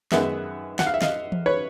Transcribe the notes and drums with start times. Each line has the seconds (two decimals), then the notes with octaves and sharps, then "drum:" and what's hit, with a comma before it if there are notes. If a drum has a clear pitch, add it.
0.12 F#2 D#3 G#3 B3 E5 F#5, drum: snare
0.79 F#5, drum: snare
0.87 F5
0.94 E5
1.02 D#5 F5, drum: snare
1.32 drum: tom E3
1.46 B4 C#5